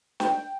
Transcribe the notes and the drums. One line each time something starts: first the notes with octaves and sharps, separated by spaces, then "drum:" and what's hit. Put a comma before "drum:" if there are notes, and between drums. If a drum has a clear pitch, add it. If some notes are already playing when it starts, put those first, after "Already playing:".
G5, drum: snare